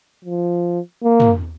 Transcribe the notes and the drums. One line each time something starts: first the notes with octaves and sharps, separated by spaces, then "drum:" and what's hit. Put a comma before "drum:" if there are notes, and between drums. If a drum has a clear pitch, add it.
F3
A#3
drum: tom